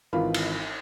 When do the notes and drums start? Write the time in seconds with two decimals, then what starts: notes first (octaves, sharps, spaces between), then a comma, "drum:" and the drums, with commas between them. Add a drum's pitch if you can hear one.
0.13 G#1 E3 F4 A#4 F5 B5
0.34 drum: cymbal